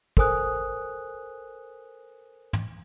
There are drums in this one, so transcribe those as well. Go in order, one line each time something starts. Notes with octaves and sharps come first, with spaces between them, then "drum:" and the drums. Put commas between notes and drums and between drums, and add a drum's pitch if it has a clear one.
A4 A#4 C5 G#5 D#6 F#6, drum: kick
drum: tom